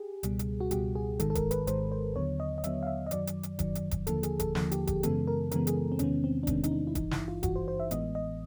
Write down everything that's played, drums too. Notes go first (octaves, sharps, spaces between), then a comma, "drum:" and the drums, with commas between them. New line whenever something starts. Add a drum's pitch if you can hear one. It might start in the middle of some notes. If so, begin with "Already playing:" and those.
Already playing: G4 G#4
C#2 B2 G3, drum: hi-hat
drum: hi-hat
F#4
C#2 B2 G3 G4, drum: hi-hat
G#4
G#1 G#2 D#3 G#3 A4, drum: hi-hat
A4
A#4, drum: kick E1, hi-hat
B4, drum: hi-hat
G#1 G#2 D#3 G#3 C5, drum: hi-hat
C5
D#2 D3 F#3 B3 C#5
D#5
D#5
D#2 D3 F#3 B3 E5, drum: hi-hat
F5
E5
D#5
F#2 D#3 F#3 D5, drum: hi-hat
drum: hi-hat
drum: hi-hat
F#2 D#3 F#3, drum: kick E1, hi-hat
drum: hi-hat
drum: kick E1, hi-hat
D#2 D3 F3 A#3 A4, drum: hi-hat
G#4, drum: hi-hat
A4, drum: kick E1, hi-hat
D#2 D3 F3 A#3, drum: snare
G4, drum: hi-hat
G4, drum: kick E1, hi-hat
F#2 C#3 E3 G#3 B3 A4, drum: hi-hat
A#4
F#2 C#3 E3 G#3 B3 A#4, drum: hi-hat
G#4, drum: hi-hat
C4
E2 C3 D#3 G#3 B3 C#4, drum: hi-hat
C4
D4
E2 C3 D#3 G#3 B3 C#4, drum: kick E1, hi-hat
D#4, drum: hi-hat
D4
E4
G#1 G2 E3 D#4, drum: kick E1, hi-hat
E4, drum: snare
F4
G#1 G2 E3 F#4, drum: kick E1, hi-hat
C5
C5
E5
A1 A2 E3 G#3 B3 D#5, drum: hi-hat
D#5